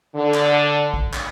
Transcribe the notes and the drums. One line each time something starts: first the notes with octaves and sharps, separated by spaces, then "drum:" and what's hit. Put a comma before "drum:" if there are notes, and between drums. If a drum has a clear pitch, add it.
D3
drum: clap
drum: kick
drum: clap